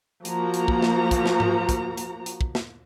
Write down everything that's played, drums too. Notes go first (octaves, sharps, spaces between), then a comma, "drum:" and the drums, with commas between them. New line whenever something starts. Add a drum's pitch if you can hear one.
F3 A#3 F#4 A#5, drum: hi-hat
drum: hi-hat
drum: kick
drum: snare
drum: kick, hi-hat
drum: snare
drum: tom G#2
drum: kick, hi-hat
drum: hi-hat
drum: hi-hat
drum: kick
drum: snare